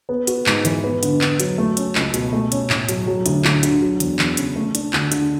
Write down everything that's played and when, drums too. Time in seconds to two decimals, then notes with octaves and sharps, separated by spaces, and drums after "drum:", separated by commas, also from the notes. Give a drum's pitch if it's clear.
0.09 B3
0.27 F#4, drum: hi-hat
0.46 G#2, drum: clap
0.65 E3, drum: hi-hat
0.84 B3
1.03 D3, drum: hi-hat
1.21 D3, drum: clap
1.40 F#3, drum: hi-hat
1.58 A3
1.77 C#4, drum: hi-hat
1.95 C#2, drum: clap
2.14 B2, drum: hi-hat
2.33 A3
2.52 C#4, drum: hi-hat
2.70 A2, drum: clap
2.89 F#3, drum: hi-hat
3.07 F#3
3.26 D2, drum: hi-hat
3.45 D2, drum: clap
3.63 D3, drum: hi-hat
3.82 F#3
4.00 E2, drum: hi-hat
4.19 E2, drum: clap
4.37 C#3, drum: hi-hat
4.56 A3
4.75 D4, drum: hi-hat
4.93 D2, drum: clap
5.12 D3, drum: hi-hat